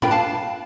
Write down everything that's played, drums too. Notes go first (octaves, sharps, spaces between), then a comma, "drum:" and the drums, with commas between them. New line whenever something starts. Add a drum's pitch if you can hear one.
D4 F4 B4 G5 B5, drum: tom A2
F5 A5